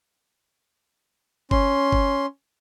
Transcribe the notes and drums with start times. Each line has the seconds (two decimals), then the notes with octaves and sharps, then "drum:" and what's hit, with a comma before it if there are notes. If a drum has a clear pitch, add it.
1.51 C#4 C6, drum: kick G1
1.92 drum: kick G1